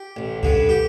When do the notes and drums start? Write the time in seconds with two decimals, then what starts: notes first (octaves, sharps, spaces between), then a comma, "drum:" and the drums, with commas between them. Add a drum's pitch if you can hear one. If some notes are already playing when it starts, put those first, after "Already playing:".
Already playing: G4
0.17 A1
0.43 G2 D3, drum: kick C2
0.69 G4